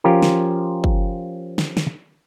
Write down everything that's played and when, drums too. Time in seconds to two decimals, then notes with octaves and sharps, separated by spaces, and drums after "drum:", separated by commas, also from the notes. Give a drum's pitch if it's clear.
0.04 F3 C#4 F4 G4 A#4
0.22 drum: snare
0.84 drum: kick
1.58 drum: snare
1.77 drum: snare